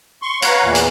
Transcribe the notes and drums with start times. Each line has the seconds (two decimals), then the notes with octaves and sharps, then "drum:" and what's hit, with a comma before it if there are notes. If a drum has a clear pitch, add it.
0.22 C6 C#6
0.42 B4 C#5 F5 F#5 A#5, drum: hi-hat
0.63 E2 A#2 E3
0.75 drum: hi-hat